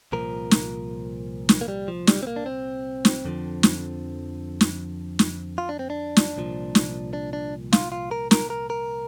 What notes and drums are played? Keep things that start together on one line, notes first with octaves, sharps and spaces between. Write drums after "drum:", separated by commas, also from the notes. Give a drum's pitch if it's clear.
C2 A#2 F3 A#4
drum: snare
drum: snare
A#3
G3
F3
G3, drum: snare
C4
A#3
D4
C4
drum: snare
F2 D3 F3
drum: snare
drum: snare
drum: snare
F4
D4
C4
D4
drum: snare
C2 A#2 F3
drum: snare
D4
D4
F4, drum: snare
F4
A#4
A#4, drum: snare
A#4
A#4